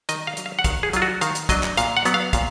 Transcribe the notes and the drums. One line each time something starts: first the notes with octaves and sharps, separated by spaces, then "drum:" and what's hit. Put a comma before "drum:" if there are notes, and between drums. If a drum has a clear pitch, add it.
D#3 D#5, drum: hi-hat
F5
F#3 D4, drum: hi-hat
F5
F#5
D#3 F5, drum: kick, hi-hat
G#4
F#3 D4 F4, drum: hi-hat
F#4
D#3 F5, drum: hi-hat
drum: hi-hat
F#3 D4 D#5, drum: kick, hi-hat
drum: clap
A#2 F5, drum: hi-hat
F#5
F#3 B3, drum: hi-hat
F5
A#2 F5, drum: kick, hi-hat